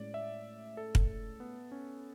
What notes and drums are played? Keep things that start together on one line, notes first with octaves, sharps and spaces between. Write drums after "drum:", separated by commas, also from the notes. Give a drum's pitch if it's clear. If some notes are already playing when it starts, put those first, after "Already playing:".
Already playing: A2 G#3 C#4 D5
E5
A4
drum: kick
B3
C#4